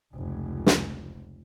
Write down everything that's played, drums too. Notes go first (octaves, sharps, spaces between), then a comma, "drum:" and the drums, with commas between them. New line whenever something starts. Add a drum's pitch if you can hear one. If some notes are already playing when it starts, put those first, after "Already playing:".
F1 C#2
drum: snare